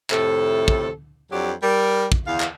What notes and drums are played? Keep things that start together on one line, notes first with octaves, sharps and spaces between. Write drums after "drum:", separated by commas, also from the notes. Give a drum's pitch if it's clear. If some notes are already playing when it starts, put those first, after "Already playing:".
F2 A2 C3 A4, drum: clap
drum: kick
F2 F#3 D4 G4
G3 A#4
drum: kick
E2 F5
drum: clap